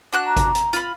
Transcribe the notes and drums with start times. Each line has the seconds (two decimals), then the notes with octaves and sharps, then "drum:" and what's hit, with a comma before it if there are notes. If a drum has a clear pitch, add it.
0.13 D4 F#4 F#6
0.26 A#5
0.37 drum: kick G#1, hi-hat
0.55 drum: hi-hat
0.73 F4 B5, drum: hi-hat